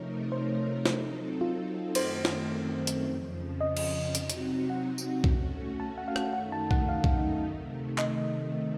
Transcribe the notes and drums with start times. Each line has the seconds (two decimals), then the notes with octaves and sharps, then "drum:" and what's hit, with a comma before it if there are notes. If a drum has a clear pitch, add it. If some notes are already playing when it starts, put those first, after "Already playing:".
Already playing: C3 F3 A3 D#4 A#4 C#5
0.32 C5
0.86 F#3 C4 D#4 A4, drum: snare
1.41 F4
1.95 F#2 D#3 A3 C4 C5, drum: cymbal
2.25 drum: snare
2.87 drum: hi-hat
3.05 F2 C#3 F3
3.61 D#5
3.77 drum: cymbal
4.15 C3 F#3 C4 D#4 F#4, drum: hi-hat
4.30 drum: hi-hat
4.70 F#5
4.98 drum: tambourine
5.24 A3 C#4 F#4, drum: kick B1
5.80 A5
5.98 F#5
6.08 F5
6.16 F#5, drum: rim click
6.33 F#2 D#3 A3 D#4 F#5
6.52 A5
6.71 F#5, drum: kick B1
6.89 F5
7.04 drum: kick B1
7.43 C3 D#3 A3
7.98 D#5, drum: clap